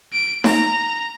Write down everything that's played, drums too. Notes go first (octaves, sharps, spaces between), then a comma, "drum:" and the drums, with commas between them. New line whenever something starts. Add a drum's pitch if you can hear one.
D7
A#5, drum: snare D#4